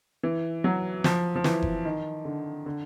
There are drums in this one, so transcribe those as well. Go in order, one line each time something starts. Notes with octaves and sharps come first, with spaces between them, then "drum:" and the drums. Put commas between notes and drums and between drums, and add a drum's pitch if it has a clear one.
E3
F#3
F3, drum: snare
F3
E3, drum: snare
drum: kick F#1
D#3
D3
D3